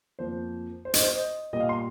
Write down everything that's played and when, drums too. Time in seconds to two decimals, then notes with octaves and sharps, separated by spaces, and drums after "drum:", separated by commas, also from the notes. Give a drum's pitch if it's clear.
0.19 F2 F3 A#3 C5
0.85 C5
0.94 D#5, drum: hi-hat
1.03 C5
1.11 D#5
1.53 A#2 G3 A#3 D#5
1.60 F5
1.69 C6